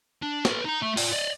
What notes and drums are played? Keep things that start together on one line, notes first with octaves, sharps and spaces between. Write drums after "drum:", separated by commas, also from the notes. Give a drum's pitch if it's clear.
D4
A4 B4, drum: snare
D#4 A#5
A3 E5
F4 D5, drum: open hi-hat
D5 D#5